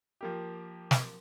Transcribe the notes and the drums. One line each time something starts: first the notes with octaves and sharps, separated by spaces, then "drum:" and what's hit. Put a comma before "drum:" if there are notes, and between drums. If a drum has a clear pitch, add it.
F3 A#3 G4
drum: snare